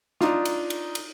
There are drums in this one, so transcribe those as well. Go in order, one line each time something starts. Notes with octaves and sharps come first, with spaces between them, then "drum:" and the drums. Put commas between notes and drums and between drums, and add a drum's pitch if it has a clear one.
D4 D#4 F4, drum: snare
drum: cymbal
drum: cymbal
drum: cymbal